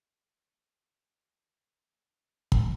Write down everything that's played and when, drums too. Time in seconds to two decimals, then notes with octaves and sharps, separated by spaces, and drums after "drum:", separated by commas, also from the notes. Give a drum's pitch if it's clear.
1.02 D4 G4
1.79 A#4 C#5
2.52 drum: kick